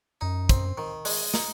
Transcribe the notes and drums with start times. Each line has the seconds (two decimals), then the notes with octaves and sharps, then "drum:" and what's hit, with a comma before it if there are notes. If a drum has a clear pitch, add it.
0.21 F#2 D#4
0.49 C4, drum: kick, hi-hat
0.78 D#3
1.05 G#3, drum: open hi-hat
1.34 D#4, drum: snare